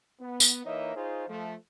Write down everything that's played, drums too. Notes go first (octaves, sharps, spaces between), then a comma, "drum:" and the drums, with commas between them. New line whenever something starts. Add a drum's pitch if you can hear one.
B3
drum: tambourine
E3 A#3 D#4 C#5 D#5 E5
D#4 F4 G#4 C5 C#5
F3 A3